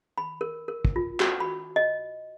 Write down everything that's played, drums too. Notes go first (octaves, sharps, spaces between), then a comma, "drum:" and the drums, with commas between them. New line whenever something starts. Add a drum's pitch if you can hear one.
B5
A#4
A#4
drum: kick
F4
F#4, drum: clap
B5
D#5